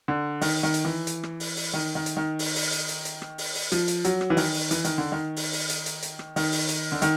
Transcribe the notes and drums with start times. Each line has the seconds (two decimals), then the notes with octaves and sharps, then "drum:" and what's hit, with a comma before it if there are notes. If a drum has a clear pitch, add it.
0.08 D3
0.41 D#3, drum: open hi-hat
0.63 D#3
0.74 drum: hi-hat
0.85 E3
1.07 drum: hi-hat
1.23 drum: rim click
1.40 drum: open hi-hat
1.56 drum: open hi-hat
1.73 D#3
1.95 D#3
2.06 drum: hi-hat
2.17 D#3
2.39 drum: open hi-hat
2.56 drum: open hi-hat
2.72 drum: hi-hat
2.89 drum: hi-hat
3.05 drum: hi-hat
3.22 drum: rim click
3.38 drum: open hi-hat
3.55 drum: open hi-hat
3.72 F3, drum: hi-hat
3.88 drum: hi-hat
4.05 F#3, drum: hi-hat
4.21 drum: rim click
4.30 E3
4.37 D#3, drum: open hi-hat
4.54 drum: open hi-hat
4.71 E3, drum: hi-hat
4.85 D#3, drum: hi-hat
4.98 D3
5.12 D#3
5.36 drum: open hi-hat
5.53 drum: open hi-hat
5.69 drum: hi-hat
5.86 drum: hi-hat
6.03 drum: hi-hat
6.19 drum: rim click
6.36 D#3, drum: open hi-hat
6.52 drum: open hi-hat
6.69 drum: hi-hat
6.92 D3
7.02 D#3, drum: hi-hat